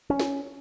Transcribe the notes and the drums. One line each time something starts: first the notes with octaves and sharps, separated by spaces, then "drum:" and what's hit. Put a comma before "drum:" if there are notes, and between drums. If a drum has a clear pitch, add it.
C#4
drum: snare